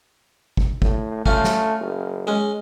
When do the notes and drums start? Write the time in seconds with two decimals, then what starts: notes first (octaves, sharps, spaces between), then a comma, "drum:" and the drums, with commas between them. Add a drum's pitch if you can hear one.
0.57 drum: kick
0.82 A2, drum: kick
1.26 A3 C#4 F4, drum: kick
1.44 drum: snare
1.80 F#1
2.27 G#3 C#4